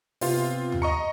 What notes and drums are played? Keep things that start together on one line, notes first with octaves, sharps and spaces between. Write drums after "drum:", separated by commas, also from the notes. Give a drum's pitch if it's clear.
C3 B3 C4 F4 G4, drum: open hi-hat
drum: tom
D#5 A#5 C#6 C#7